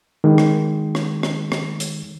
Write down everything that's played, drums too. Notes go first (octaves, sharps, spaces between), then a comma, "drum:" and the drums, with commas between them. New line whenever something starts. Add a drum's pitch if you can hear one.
D#3 G#3
drum: rim click
drum: rim click
drum: rim click
drum: rim click
drum: hi-hat